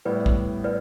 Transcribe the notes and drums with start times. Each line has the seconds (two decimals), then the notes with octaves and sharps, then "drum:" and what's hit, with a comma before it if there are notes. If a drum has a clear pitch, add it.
0.05 A2 G3 B3 E4 B4 D5
0.26 drum: kick
0.64 B4 D5